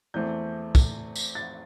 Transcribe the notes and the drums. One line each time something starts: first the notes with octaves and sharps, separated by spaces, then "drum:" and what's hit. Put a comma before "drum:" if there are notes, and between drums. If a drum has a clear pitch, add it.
E2 E3 A3 C4 G6
drum: kick, tambourine
drum: tambourine
A6